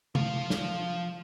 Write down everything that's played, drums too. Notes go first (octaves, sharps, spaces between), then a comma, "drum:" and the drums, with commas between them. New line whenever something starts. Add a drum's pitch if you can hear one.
F3 F5, drum: tom C3
drum: snare